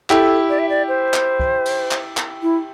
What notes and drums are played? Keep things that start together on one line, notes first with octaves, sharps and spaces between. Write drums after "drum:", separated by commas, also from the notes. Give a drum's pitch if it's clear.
E4 G4 A4, drum: clap
D5
E5
D5
C5
drum: clap
drum: kick
drum: cymbal
drum: clap
drum: clap
E4